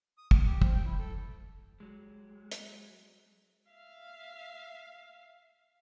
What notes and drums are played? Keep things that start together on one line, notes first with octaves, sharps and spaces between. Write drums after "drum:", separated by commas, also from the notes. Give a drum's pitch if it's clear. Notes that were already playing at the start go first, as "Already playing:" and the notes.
D#6
D#6, drum: kick
G4
C4, drum: kick
G5
E4
A4
F#3 G#3
drum: hi-hat
E5 F5